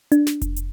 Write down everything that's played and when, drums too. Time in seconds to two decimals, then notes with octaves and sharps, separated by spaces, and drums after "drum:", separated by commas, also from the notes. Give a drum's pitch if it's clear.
0.12 D4, drum: hi-hat
0.27 drum: snare
0.42 drum: kick F1, hi-hat
0.56 drum: hi-hat